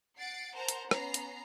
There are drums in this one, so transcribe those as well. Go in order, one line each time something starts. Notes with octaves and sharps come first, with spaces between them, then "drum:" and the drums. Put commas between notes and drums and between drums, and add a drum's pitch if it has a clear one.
F#5 A6 C7 D7
A#4 C5 F#5 A5 A#5
drum: hi-hat
B3 C#4 A#5 C7, drum: rim click
drum: hi-hat